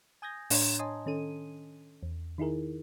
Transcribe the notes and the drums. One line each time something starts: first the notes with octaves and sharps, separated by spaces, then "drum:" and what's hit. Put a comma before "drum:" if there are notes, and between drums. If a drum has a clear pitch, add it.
G#5 D#6 G6 G#6 A#6
A2 D4 C#5 A#5 C6 G#6, drum: open hi-hat
C#5 D#5 G#5 A5 C6 D#6
D#3 C#4 A4 D#7
E2
D#3 D#4 E4 G#4 A#4